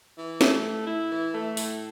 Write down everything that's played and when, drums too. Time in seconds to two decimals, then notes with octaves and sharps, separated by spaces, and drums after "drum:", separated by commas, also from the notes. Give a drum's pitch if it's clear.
0.17 E3
0.41 A3, drum: snare
0.64 A2
0.87 E4
1.11 E3
1.34 A3
1.57 A2, drum: open hi-hat